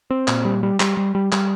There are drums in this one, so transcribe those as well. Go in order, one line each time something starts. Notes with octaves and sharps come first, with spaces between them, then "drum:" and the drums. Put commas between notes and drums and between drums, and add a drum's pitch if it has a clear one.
C4
A#2, drum: clap
G3
G3
G3, drum: clap
G3
G3
G3, drum: clap